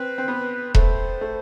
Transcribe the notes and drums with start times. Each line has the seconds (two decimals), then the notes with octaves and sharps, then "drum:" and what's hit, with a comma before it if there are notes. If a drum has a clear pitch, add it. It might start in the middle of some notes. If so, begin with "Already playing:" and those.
Already playing: C4 B4
0.18 C4
0.28 B3
0.75 A3 C5, drum: kick E1
1.21 A3